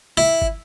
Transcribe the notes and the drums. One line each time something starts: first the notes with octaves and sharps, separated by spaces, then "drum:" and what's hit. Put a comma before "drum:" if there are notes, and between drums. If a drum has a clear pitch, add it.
E4
drum: kick